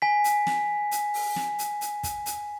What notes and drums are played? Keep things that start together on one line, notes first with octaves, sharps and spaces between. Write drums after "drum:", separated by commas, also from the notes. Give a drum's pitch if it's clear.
G#5 B6
drum: hi-hat
drum: snare
drum: hi-hat
drum: open hi-hat
drum: snare
drum: hi-hat
drum: hi-hat
drum: kick, hi-hat
drum: hi-hat